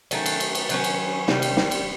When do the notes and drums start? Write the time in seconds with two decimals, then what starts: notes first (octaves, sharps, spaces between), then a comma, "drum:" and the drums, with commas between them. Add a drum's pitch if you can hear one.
0.11 D#3 F#3 A3 C#4, drum: cymbal
0.26 drum: cymbal
0.40 drum: cymbal
0.55 drum: cymbal
0.69 D#3 F#3 A3 C#4, drum: cymbal
0.84 drum: cymbal
1.28 C3 D#3 G3, drum: snare
1.42 drum: cymbal
1.57 drum: snare
1.71 drum: cymbal